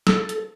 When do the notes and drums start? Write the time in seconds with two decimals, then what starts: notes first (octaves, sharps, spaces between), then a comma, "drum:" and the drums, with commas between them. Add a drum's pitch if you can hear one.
0.07 A4, drum: snare
0.29 drum: hi-hat